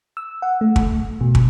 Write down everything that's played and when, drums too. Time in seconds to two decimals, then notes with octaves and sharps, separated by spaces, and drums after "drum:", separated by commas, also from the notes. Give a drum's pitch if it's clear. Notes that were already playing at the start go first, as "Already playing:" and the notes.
0.17 E6
0.42 F#5
0.61 A3
0.76 drum: kick
1.21 B2
1.35 drum: kick